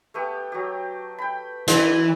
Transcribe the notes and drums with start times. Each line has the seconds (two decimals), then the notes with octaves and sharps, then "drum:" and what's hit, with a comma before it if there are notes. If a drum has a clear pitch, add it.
0.14 A3 B3 G4
0.52 F#3 G4
1.18 G5 B5
1.68 E3 F#5 C6, drum: hi-hat